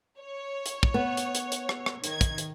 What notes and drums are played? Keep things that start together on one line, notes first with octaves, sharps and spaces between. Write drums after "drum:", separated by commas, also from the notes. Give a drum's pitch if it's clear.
C#5
drum: hi-hat
drum: kick
B3
drum: hi-hat
drum: hi-hat
drum: hi-hat
drum: rim click
drum: rim click
D#3 G#6, drum: hi-hat
drum: kick, hi-hat
drum: hi-hat